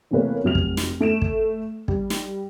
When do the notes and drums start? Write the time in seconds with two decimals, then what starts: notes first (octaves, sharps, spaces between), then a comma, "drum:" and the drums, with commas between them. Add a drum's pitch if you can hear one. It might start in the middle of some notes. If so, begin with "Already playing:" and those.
0.11 E2 C3 A3 A#3 B4 C#5
0.44 F1 F#3 F6 F7
0.55 drum: kick
0.77 drum: snare
1.00 A3 D7 E7
1.22 drum: kick
1.88 G3, drum: kick
2.10 drum: snare